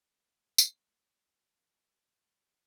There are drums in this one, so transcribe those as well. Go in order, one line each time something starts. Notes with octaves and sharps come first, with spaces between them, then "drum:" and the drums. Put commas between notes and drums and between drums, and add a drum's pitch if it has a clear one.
A3
G#3 A#3 B3
G3
D#3 G#3
A3
A#3, drum: tambourine
F#3 A3 B3
G#3 A#3
F#3
G#3 A#3
F3
A#3
F#3 G#3 A3
F3 G3
A3
E3 F#3
F3 G3
F#3
D#3 F3